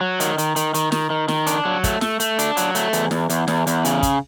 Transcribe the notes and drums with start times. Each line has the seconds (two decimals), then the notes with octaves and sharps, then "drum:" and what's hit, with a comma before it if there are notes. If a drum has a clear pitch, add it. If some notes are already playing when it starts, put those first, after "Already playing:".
0.01 F#3
0.20 D#3, drum: hi-hat
0.38 D#3, drum: hi-hat
0.56 D#3, drum: hi-hat
0.74 D#3, drum: hi-hat
0.92 D#3, drum: snare
1.10 D#3
1.28 D#3, drum: snare
1.47 D4, drum: hi-hat
1.65 F#3
1.84 A3, drum: kick, hi-hat
2.01 A3, drum: snare
2.20 A3, drum: hi-hat
2.39 D4, drum: hi-hat
2.57 F#3, drum: hi-hat
2.75 A3, drum: hi-hat
2.93 E2, drum: hi-hat
3.11 E2, drum: snare
3.30 E2, drum: hi-hat
3.48 E2, drum: snare
3.67 E2, drum: hi-hat
3.85 C#3, drum: hi-hat
4.03 drum: kick, hi-hat